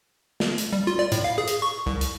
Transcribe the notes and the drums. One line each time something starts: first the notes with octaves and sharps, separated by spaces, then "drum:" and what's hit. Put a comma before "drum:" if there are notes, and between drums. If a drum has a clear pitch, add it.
drum: snare
drum: hi-hat
G3
F4
D5
A2, drum: hi-hat
F5
G#4
drum: hi-hat
C#6
C2
drum: hi-hat